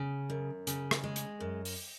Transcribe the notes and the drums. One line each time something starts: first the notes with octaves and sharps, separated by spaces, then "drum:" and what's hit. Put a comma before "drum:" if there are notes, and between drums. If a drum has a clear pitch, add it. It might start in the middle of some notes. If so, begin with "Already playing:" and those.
Already playing: C#3
F#2
C#3, drum: hi-hat
drum: rim click
G#3
drum: hi-hat
F#2
drum: open hi-hat